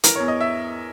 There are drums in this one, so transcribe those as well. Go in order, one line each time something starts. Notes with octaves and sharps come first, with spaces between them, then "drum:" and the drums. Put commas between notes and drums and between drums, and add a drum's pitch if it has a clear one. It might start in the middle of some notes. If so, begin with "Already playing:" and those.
E3 A#4, drum: hi-hat
E2 C#5
D#5
E5